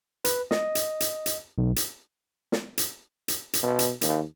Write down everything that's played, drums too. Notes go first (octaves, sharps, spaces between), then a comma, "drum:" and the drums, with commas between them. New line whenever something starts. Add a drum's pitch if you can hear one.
B4, drum: hi-hat
D#5, drum: snare
drum: hi-hat
drum: hi-hat
drum: hi-hat
B1
drum: hi-hat
drum: snare
drum: hi-hat
drum: hi-hat
drum: hi-hat
B2
drum: hi-hat
D#2, drum: hi-hat